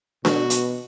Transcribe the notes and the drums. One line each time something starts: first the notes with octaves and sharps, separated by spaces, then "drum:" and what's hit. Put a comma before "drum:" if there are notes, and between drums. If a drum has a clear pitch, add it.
B2 F#4, drum: snare D4
drum: hi-hat